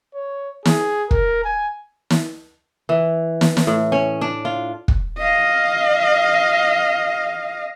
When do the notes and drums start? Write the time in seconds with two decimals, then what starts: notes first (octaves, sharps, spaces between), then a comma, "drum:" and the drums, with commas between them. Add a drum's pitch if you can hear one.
0.14 C#5
0.65 G#4, drum: snare
1.11 A#4, drum: kick
1.45 G#5
2.10 drum: snare
2.89 E3
3.41 drum: snare
3.57 drum: snare
3.67 A2
3.92 C#4
4.21 D4
4.45 F4
4.88 drum: kick
5.18 D#5 F5